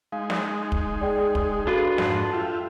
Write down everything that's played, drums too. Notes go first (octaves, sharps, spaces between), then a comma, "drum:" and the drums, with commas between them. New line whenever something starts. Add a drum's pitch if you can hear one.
G#3 D#4 F5
drum: snare
drum: kick
G#4 D5 G5
drum: kick
D4 F4 F#4 A4 B4
F2 G#2 F#5 A5, drum: snare
F4 G4 E5 F5